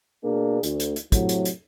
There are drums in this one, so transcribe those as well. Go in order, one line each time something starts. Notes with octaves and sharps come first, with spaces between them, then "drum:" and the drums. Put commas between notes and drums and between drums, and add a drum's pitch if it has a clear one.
B2 A#3 D4 G#4
D2, drum: hi-hat
drum: hi-hat
drum: hi-hat
A2 C3 F#3, drum: kick, hi-hat
drum: hi-hat
drum: hi-hat